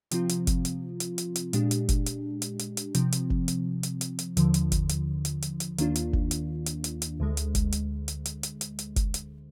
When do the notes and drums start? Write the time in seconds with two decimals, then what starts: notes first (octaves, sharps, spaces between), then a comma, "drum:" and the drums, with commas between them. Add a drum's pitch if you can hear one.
0.11 C3 F3 C4 F4, drum: hi-hat
0.29 drum: hi-hat
0.47 drum: kick F#1, hi-hat
0.65 drum: hi-hat
1.00 drum: hi-hat
1.18 drum: hi-hat
1.36 drum: hi-hat
1.53 A#2 G#3 D4 G4, drum: hi-hat
1.71 drum: hi-hat
1.89 drum: kick F#1, hi-hat
2.06 drum: hi-hat
2.42 drum: hi-hat
2.59 drum: hi-hat
2.77 drum: hi-hat
2.95 C3 F3 C4, drum: hi-hat
3.12 drum: hi-hat
3.30 drum: kick F#1
3.48 drum: hi-hat
3.83 drum: hi-hat
4.01 drum: hi-hat
4.19 drum: hi-hat
4.37 D#2 D3 F3, drum: hi-hat
4.54 drum: hi-hat
4.72 drum: kick F#1, hi-hat
4.89 drum: hi-hat
5.25 drum: hi-hat
5.42 drum: hi-hat
5.60 drum: hi-hat
5.78 D#2 D#3 A#3 D4 F4, drum: hi-hat
5.96 drum: hi-hat
6.13 drum: kick F#1
6.31 drum: hi-hat
6.66 drum: hi-hat
6.84 drum: hi-hat
7.02 drum: hi-hat
7.20 D2 D3 G#3
7.37 drum: hi-hat
7.55 drum: kick F#1, hi-hat
7.72 drum: hi-hat
8.08 drum: hi-hat
8.25 drum: hi-hat
8.43 drum: hi-hat
8.61 drum: hi-hat
8.79 drum: hi-hat
8.96 drum: kick F#1, hi-hat
9.14 drum: hi-hat